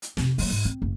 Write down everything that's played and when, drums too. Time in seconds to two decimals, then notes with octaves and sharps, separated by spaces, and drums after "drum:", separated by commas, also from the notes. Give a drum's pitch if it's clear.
0.02 drum: hi-hat
0.17 F2 C3, drum: snare
0.38 F#3 A#3, drum: open hi-hat
0.51 G#2
0.65 C4
0.82 F#1